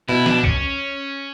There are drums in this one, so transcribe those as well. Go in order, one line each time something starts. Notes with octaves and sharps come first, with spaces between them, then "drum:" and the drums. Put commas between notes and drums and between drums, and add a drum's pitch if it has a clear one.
B2 E4
D4, drum: snare
C#4, drum: kick A#1